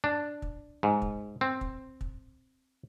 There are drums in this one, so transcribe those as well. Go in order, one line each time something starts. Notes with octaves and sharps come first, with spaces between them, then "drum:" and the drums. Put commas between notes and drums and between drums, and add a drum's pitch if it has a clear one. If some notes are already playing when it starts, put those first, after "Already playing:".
D4
drum: kick
G#2
drum: kick
C4
drum: kick
drum: kick